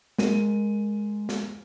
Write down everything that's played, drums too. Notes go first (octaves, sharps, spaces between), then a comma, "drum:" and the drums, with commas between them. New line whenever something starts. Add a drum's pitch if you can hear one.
G#3 A#4 D#7, drum: snare
drum: snare